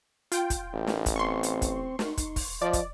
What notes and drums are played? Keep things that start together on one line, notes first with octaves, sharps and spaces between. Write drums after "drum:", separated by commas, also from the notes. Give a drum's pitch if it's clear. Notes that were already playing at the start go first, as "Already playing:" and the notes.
F4 G5, drum: hi-hat
drum: kick, hi-hat
A1
drum: snare
drum: kick, hi-hat
C4 C6 C#6
drum: hi-hat
drum: kick, hi-hat
D#4, drum: snare
drum: kick, hi-hat
drum: kick, open hi-hat
F3 D5 D#5
drum: kick, hi-hat